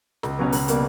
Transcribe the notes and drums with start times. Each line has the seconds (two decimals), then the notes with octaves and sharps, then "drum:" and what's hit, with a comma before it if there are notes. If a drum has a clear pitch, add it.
0.23 C#2 C#3, drum: snare
0.39 B2 F#3 C#4
0.52 C#2 D3, drum: open hi-hat
0.68 B2 G3 A#3, drum: hi-hat